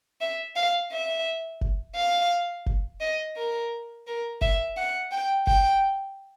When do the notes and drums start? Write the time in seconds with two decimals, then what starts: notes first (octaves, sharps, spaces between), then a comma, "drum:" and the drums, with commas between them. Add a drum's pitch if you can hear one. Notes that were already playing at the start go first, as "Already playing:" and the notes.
0.21 E5
0.56 F5
0.92 E5
1.61 drum: kick F#1
1.96 F5
2.66 drum: kick F#1
3.01 D#5
3.36 A#4
4.07 A#4
4.41 E5, drum: kick F#1
4.77 F#5
5.12 G5
5.47 G5, drum: kick F#1